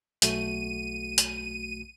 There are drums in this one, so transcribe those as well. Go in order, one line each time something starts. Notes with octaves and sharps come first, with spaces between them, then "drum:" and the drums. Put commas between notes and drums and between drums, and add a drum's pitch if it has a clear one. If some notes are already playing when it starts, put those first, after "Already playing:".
B1 A3 F#4 D#7, drum: hi-hat
drum: hi-hat